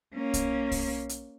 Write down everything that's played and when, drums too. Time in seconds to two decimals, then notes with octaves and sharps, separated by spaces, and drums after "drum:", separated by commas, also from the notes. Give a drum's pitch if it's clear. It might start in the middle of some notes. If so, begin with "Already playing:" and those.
0.15 A#3 C#4
0.34 drum: kick B1, hi-hat
0.72 drum: kick B1, open hi-hat
1.09 drum: hi-hat